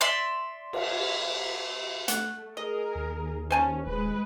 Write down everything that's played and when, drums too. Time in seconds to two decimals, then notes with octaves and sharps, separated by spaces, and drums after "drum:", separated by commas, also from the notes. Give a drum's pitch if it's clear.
0.01 D5 E5 C6
0.73 drum: cymbal
2.08 A3 F#5, drum: hi-hat
2.57 G#4 A#4 D#5
2.95 D#2
3.51 C#4 C5 G#5 A5
3.86 D#1 G#3 B4